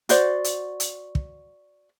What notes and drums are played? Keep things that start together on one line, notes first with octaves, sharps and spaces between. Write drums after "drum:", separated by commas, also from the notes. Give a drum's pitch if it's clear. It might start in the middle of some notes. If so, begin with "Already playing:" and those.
F#4 C5 D5, drum: hi-hat
drum: hi-hat
drum: hi-hat
drum: kick